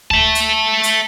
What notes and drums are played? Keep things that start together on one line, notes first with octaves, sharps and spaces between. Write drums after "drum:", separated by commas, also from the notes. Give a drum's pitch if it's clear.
E5 A5, drum: kick D2
drum: hi-hat
drum: hi-hat